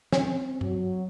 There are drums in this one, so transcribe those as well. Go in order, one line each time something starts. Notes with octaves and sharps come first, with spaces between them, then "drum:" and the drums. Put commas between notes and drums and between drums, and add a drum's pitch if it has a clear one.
C4 C#4, drum: snare
F#3, drum: tom G2